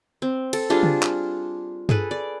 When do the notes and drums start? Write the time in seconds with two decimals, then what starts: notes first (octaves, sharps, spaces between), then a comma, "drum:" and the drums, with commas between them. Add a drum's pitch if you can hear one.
0.22 C4
0.53 A4, drum: cymbal
0.70 G3 D4 F4 G#4
0.83 drum: tom C#3
1.02 drum: clap
1.89 G#4 A4 B4, drum: tom G2
2.11 D5